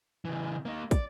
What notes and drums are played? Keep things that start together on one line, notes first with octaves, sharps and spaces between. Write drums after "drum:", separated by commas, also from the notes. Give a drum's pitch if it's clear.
C#3 E3
A#3 D#4
D5, drum: kick, hi-hat